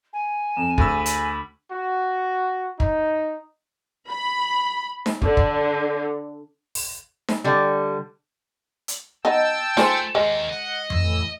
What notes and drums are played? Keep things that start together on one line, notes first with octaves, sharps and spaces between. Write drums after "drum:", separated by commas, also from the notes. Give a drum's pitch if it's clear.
G#5
F2 E7
D2 G#4 B5 E6, drum: kick
drum: hi-hat
F#4
D#4, drum: kick
B5
drum: snare D#4
D3, drum: kick
drum: kick
drum: open hi-hat
drum: snare D#4
D3 G3
drum: hi-hat
B3 D#4 D#5 G5 A5 E6
A3 F4 G#4 C5, drum: snare D#4
D#3 G#3 A#3
D#5 F#5
A2 E3 E6, drum: tom F2